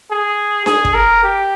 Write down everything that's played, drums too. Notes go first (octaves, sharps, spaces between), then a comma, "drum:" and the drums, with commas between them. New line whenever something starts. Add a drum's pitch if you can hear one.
G#4
G#4, drum: snare D4
drum: kick
A#4
G4